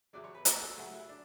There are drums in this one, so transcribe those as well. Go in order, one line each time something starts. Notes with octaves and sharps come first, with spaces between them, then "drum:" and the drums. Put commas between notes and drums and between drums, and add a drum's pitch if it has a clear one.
E2 C#3 F#3 D5
C#5
B4
A4, drum: hi-hat
A4
F#2 C#3 F#3 A3 F#4
E4
D4